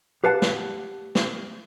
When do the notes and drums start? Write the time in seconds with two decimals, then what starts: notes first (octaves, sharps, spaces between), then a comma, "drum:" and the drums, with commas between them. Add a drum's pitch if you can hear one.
0.24 G4 B4 F5 F#5 A5
0.42 drum: snare
1.15 drum: snare